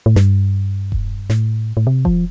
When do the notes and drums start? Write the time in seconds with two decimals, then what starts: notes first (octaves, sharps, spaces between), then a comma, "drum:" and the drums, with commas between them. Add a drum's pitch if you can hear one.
0.06 A2
0.16 G2, drum: snare
0.92 drum: kick E1
1.30 A2, drum: snare
1.77 A2
1.87 C3
2.05 F3, drum: kick E1